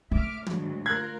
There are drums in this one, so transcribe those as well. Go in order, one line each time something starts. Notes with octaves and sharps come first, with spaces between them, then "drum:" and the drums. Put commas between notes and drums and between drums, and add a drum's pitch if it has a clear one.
A3 E5 D6 F6
D2 G#2 F#3, drum: tom
F4 A#4 F#6 G#6